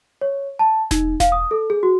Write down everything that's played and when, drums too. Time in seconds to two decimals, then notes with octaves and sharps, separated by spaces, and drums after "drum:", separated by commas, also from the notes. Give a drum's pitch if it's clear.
0.21 C#5
0.59 A5
0.91 D#4, drum: snare E1
1.20 F5, drum: snare E1
1.32 D#6
1.51 A4
1.70 G#4
1.83 F#4